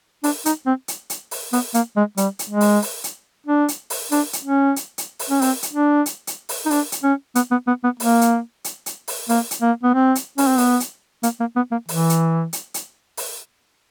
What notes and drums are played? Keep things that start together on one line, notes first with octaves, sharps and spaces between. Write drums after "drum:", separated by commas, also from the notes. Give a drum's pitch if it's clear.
D4, drum: open hi-hat
D#4, drum: hi-hat
C4
drum: hi-hat
drum: hi-hat
drum: open hi-hat
B3, drum: open hi-hat
A#3, drum: hi-hat
G#3
G3, drum: hi-hat
drum: hi-hat
G#3
drum: open hi-hat
drum: open hi-hat
drum: hi-hat
D4
drum: hi-hat
drum: open hi-hat
D4, drum: open hi-hat
drum: hi-hat
C#4
drum: hi-hat
drum: hi-hat
drum: open hi-hat
C#4
C4, drum: open hi-hat
drum: hi-hat
D4
drum: hi-hat
drum: hi-hat
drum: open hi-hat
D#4
D4, drum: open hi-hat
drum: hi-hat
C#4
B3, drum: hi-hat
B3
B3
B3
A#3, drum: open hi-hat
drum: hi-hat
drum: hi-hat
drum: hi-hat
drum: open hi-hat
A#3, drum: open hi-hat
drum: hi-hat
A#3
B3
C4
drum: hi-hat
C#4, drum: open hi-hat
C4
B3, drum: open hi-hat
drum: hi-hat
A#3, drum: hi-hat
A#3
B3
A#3
E3, drum: open hi-hat
drum: hi-hat
drum: hi-hat
drum: hi-hat
drum: open hi-hat